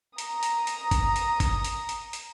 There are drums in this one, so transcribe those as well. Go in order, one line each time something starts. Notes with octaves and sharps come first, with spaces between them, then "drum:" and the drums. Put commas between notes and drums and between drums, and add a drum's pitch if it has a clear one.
A#5 D#6, drum: hi-hat
drum: hi-hat
drum: hi-hat
drum: kick G1, hi-hat
drum: hi-hat
drum: kick G1, hi-hat
drum: hi-hat
drum: hi-hat
drum: hi-hat